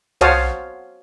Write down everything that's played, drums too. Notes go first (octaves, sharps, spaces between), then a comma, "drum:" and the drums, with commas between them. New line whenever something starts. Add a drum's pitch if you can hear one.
F#4 C5 C#5 F5 A5 D#6, drum: tom